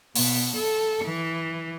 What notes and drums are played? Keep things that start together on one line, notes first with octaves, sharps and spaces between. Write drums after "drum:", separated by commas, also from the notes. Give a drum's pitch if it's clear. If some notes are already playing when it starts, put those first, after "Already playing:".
B2, drum: open hi-hat
A4
E3